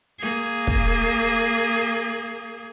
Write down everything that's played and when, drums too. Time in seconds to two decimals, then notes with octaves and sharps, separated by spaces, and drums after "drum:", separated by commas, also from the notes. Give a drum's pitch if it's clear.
0.20 A#3 G#4
0.67 drum: kick